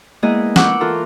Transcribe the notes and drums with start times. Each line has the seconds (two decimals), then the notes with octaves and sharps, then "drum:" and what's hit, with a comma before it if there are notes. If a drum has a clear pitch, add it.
0.22 G#3 A#3 B3 E4 G#4 D#5
0.56 F#5 C#6 D6 E6 F#6 G6, drum: snare
0.80 E3 F4 A4 A#4